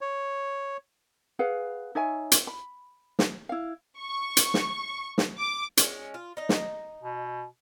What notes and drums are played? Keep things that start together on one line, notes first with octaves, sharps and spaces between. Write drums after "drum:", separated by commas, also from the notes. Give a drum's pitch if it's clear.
C#5
G#4 B4 F5 F#5
D#4 C#5 E5 G#5
drum: hi-hat
B5
drum: snare
E4 F5
C#6
drum: hi-hat
drum: snare
drum: snare
D6
G#3 C#4, drum: hi-hat
F4
D#4 D#5
drum: snare
B2